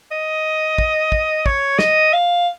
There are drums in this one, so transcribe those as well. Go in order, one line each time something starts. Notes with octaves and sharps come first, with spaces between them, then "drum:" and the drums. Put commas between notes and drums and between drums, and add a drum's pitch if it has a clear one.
D#5
drum: kick
drum: kick
C#5, drum: kick
D#5, drum: snare
F5